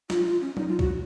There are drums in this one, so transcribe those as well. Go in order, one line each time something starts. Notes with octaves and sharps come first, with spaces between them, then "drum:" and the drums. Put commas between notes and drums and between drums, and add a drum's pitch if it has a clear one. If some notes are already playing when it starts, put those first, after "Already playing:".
F4, drum: snare
F4
C#4
D#4, drum: tom F#3
F4
F#4, drum: kick C2